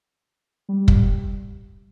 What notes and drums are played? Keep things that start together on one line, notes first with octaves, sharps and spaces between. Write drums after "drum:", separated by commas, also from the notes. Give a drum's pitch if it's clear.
G3
drum: kick